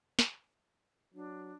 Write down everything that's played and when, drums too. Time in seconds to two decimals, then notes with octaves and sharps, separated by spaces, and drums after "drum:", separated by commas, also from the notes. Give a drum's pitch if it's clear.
0.19 drum: snare
1.14 F#3 D4